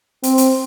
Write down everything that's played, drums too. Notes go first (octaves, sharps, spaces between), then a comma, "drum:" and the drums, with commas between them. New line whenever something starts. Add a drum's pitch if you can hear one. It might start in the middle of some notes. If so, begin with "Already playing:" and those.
C4, drum: hi-hat
drum: hi-hat